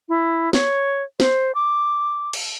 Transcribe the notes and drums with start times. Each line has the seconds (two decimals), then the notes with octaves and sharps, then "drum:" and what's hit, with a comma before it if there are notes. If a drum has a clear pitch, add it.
0.09 E4
0.53 C#5, drum: snare
1.20 C5, drum: snare
1.55 D6
2.33 drum: cymbal